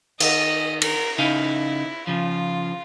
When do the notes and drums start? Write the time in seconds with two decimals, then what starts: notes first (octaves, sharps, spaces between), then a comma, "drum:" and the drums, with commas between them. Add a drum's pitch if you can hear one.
0.20 D#3 D#5, drum: cymbal
0.82 A#4, drum: cymbal
1.19 C#3 D#4 E4 F5
2.07 C#3 F3 F4